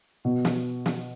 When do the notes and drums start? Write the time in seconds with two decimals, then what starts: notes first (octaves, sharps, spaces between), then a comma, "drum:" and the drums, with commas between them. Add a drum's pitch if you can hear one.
0.25 B2
0.45 drum: snare
0.86 drum: snare